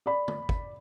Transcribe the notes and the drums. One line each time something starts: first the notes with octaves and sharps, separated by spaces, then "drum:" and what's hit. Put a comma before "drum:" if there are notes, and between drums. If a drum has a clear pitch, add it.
D5 B5
drum: tom
drum: kick